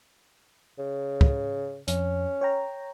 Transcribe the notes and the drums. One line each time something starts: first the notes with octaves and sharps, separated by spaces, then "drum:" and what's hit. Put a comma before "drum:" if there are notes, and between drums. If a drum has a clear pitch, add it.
C#3
drum: kick
F2 C#4, drum: hi-hat
C#5 G5 A#5